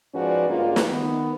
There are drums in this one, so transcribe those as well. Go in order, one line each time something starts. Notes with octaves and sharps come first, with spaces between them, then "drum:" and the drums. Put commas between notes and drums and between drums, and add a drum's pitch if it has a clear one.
G#2 F3 C#4 F#4 B4 D5
G2 C#3 G#3 A#3 F4
drum: snare
D#3 B3